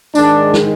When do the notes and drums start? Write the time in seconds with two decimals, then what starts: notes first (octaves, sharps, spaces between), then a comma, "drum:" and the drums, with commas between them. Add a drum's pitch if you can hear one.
0.15 G#2 D#3 G#3 D4, drum: tambourine
0.54 drum: snare